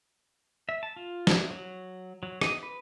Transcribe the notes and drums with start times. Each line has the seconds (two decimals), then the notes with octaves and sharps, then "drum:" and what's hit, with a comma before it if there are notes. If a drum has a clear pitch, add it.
0.69 E5
0.83 A5
0.96 F4
1.27 drum: snare
1.51 F#3
2.23 F#3
2.41 D#5, drum: rim click
2.63 B4